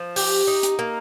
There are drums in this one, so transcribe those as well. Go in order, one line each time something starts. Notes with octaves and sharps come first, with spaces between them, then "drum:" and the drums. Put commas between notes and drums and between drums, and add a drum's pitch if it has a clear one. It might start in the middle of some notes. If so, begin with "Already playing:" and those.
Already playing: F3
G4, drum: open hi-hat
D#4
drum: hi-hat
A#3